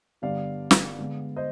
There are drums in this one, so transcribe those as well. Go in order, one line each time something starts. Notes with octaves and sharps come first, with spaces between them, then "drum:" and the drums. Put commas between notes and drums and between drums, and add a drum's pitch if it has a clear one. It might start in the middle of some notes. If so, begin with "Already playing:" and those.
G2 D3 G3 B3 D5 F5
drum: snare
D3 G#3 B3
C5 D#5